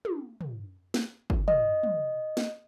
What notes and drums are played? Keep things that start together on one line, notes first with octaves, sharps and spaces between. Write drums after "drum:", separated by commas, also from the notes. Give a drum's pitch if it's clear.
drum: tom
drum: tom
drum: snare
drum: kick
D#5, drum: tom
drum: tom
drum: snare